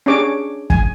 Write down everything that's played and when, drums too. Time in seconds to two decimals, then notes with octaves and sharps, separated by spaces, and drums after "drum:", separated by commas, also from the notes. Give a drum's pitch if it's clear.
0.06 C#4 D4 G4 G#4 C#5 D6
0.70 G#5, drum: kick